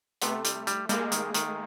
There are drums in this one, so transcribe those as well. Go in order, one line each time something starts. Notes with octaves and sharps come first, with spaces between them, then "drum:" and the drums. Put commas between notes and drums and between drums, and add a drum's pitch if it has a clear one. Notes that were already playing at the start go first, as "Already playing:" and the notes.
C3 A3 B3, drum: hi-hat
G3, drum: hi-hat
G3, drum: hi-hat
G3 G#3 A#3, drum: hi-hat
D#3, drum: hi-hat
D#3, drum: hi-hat